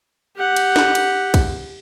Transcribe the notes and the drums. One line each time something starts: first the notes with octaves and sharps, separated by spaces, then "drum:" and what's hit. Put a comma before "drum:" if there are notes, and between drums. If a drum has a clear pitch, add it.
G4 F#5
drum: cymbal
drum: snare
drum: cymbal
drum: kick, cymbal